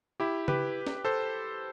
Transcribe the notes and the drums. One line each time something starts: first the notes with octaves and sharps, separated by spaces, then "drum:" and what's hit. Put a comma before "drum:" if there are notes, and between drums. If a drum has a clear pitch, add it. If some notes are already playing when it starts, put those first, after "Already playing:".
E4 G4
G4 B4, drum: tom C#3
drum: snare
A4 C5